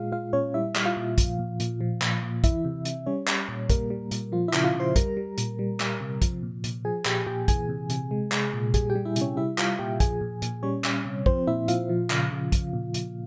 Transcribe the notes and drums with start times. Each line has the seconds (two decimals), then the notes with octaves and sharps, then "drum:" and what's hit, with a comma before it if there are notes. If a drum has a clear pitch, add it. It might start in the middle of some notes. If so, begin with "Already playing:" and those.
Already playing: A#2 G#3 F4 F5
0.12 G#3 F4 F5
0.33 A#2 C#4 C#5
0.54 G3 E4 E5
0.75 G3, drum: clap
0.85 F4 F5
0.97 A#2
1.18 F3, drum: kick A#1, hi-hat
1.39 A#2
1.60 A#2, drum: hi-hat
1.81 F3
2.02 A#2, drum: clap
2.23 A#2
2.44 E3 E4 E5, drum: kick A#1, hi-hat
2.65 C3
2.85 C3, drum: hi-hat
3.06 G3 C#4 C#5
3.27 G3, drum: clap
3.48 A#2
3.70 G3 A#3 A#4, drum: kick A#1, hi-hat
3.90 G3
4.11 A#2, drum: hi-hat
4.32 F3 F4
4.48 E4 E5
4.53 C#3, drum: clap
4.64 F4 F5
4.75 C#3 C5 C6
4.96 G3 A#4 A#5, drum: kick A#1, hi-hat
5.17 G3
5.38 A#2, drum: hi-hat
5.59 G3
5.80 G3, drum: clap
6.01 C3
6.22 F3, drum: kick A#1, hi-hat
6.43 A#2
6.64 A#2, drum: hi-hat
6.85 F3 G#4 G#5
7.05 A#2 G4 G5, drum: clap
7.27 A#2 G4 G5
7.48 E3 G#4 G#5, drum: kick A#1, hi-hat
7.69 C3
7.90 C3, drum: hi-hat
8.11 G#3
8.32 G#3, drum: clap
8.53 A#2
8.74 G3 G#4 G#5, drum: kick A#1, hi-hat
8.90 G4 G5
8.95 G3
9.05 E4 E5
9.16 C3, drum: hi-hat
9.21 C#4 C#5
9.37 G3 E4 E5
9.58 G3 F4 F5, drum: clap
9.79 A#2 G4 G5
10.00 F3 G#4 G#5, drum: kick A#1, hi-hat
10.21 A#2
10.42 A#2, drum: hi-hat
10.63 G3 C#4 C#5
10.84 G3, drum: clap
11.05 C3
11.26 F3 C4 C5, drum: kick A#1
11.47 A#2 E4 E5
11.68 A#2 F4 F5, drum: hi-hat
11.89 F3
12.10 C#3, drum: clap
12.31 C#3
12.52 F3, drum: kick A#1, hi-hat
12.73 A#2
12.94 A#2, drum: hi-hat